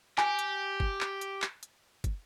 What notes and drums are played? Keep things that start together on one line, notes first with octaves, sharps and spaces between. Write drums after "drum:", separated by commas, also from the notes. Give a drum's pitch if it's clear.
G4 G#5, drum: clap
drum: hi-hat
drum: kick
drum: clap
drum: hi-hat
drum: clap
drum: hi-hat
drum: kick, hi-hat